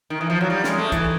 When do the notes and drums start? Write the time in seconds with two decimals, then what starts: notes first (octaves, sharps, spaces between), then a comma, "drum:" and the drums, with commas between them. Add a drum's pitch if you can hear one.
0.10 D#3
0.21 E3
0.30 F3
0.41 F#3
0.50 G3
0.64 G#3, drum: snare
0.78 A3
0.92 E3, drum: kick, hi-hat